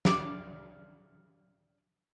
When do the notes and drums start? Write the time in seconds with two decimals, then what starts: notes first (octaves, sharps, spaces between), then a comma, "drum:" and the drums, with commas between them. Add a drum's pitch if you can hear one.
0.05 D5 F5 D6, drum: snare